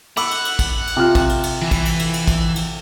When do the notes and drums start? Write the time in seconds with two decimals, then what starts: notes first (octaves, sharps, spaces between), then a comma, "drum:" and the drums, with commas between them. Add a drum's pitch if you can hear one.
0.17 F#5 B5 D6 E6, drum: cymbal
0.31 drum: cymbal
0.45 drum: cymbal
0.59 drum: kick, cymbal
0.87 drum: cymbal
0.97 C3 F4 F6
1.15 drum: kick, cymbal
1.29 drum: cymbal
1.43 drum: cymbal
1.62 E3
1.71 drum: kick, cymbal
1.85 drum: cymbal
1.99 drum: cymbal
2.13 drum: cymbal
2.28 drum: kick, cymbal
2.56 drum: cymbal